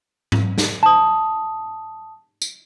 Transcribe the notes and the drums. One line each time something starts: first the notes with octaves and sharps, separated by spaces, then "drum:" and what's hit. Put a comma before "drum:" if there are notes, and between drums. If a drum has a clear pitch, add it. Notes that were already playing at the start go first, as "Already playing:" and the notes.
drum: tom G#2
drum: snare
A5 D#6
drum: tambourine